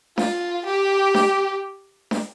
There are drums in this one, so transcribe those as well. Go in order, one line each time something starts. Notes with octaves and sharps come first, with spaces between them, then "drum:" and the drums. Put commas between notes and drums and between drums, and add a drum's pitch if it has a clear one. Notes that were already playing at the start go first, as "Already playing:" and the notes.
F4, drum: snare D4
G4
drum: snare D4
drum: snare D4